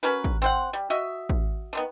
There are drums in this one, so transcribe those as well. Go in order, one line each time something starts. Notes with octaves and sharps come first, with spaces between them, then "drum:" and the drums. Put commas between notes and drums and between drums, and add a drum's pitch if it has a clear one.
C#4 F#4 A#4 B4
drum: kick
C4 C5 F#5
G3
F#4 D#5 E5
drum: kick
D3 D#3 B3